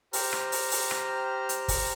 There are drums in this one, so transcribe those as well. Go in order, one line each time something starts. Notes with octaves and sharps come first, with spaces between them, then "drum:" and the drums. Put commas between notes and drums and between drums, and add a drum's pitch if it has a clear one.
G4 C5 A#5 F6, drum: open hi-hat
drum: rim click
drum: open hi-hat
drum: open hi-hat
drum: rim click
drum: hi-hat
drum: kick, open hi-hat